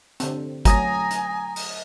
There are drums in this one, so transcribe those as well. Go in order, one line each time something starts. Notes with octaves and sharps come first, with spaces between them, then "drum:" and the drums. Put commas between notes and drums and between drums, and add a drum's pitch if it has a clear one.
D3 C4, drum: hi-hat
F#3 A3 G#5 A#5 D#6 A#6, drum: kick, hi-hat
drum: hi-hat
drum: open hi-hat